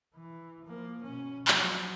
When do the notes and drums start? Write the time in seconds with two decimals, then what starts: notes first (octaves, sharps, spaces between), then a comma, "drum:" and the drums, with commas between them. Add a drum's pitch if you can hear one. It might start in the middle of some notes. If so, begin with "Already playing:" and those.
0.15 E3
0.66 F3 A#3
1.03 B2 C#4
1.48 F3 F#3, drum: clap